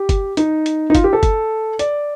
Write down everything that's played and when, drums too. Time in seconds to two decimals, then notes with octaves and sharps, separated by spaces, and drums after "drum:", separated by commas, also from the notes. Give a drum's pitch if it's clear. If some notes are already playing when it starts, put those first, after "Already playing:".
Already playing: G4
0.09 drum: kick F#1, hi-hat
0.37 D#4, drum: hi-hat
0.66 drum: hi-hat
0.90 D#4
0.95 F4, drum: kick F#1, hi-hat
1.04 G4
1.13 A4
1.23 drum: kick F#1, hi-hat
1.79 D5, drum: hi-hat